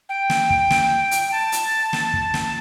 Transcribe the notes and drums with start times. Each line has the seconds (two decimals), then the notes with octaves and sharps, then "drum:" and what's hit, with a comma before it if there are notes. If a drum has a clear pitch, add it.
0.09 G5
0.30 drum: snare
0.50 drum: kick
0.70 drum: snare
1.11 drum: hi-hat
1.32 A5
1.52 drum: hi-hat
1.93 drum: snare
2.13 drum: kick
2.34 drum: snare